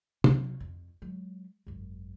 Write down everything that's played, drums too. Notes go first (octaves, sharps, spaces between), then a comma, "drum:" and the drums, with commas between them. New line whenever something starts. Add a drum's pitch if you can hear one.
C3 F#3, drum: tom
F2
F#3 G#3
G#1 F#2